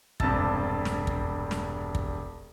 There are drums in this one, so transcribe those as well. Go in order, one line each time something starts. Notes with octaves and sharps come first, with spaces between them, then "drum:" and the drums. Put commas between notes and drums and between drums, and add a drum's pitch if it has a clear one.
E1 G2 C3 A5 E6 A6, drum: kick
drum: snare
drum: kick
drum: snare
drum: kick